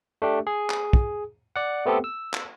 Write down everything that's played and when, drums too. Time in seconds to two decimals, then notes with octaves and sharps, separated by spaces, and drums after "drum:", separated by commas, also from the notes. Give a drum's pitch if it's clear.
0.22 A3 D4 G4
0.47 G#4
0.70 drum: clap
0.93 drum: kick
1.56 D5 F#5
1.86 A3 B3 C4 G4 A4
2.04 E6
2.34 drum: clap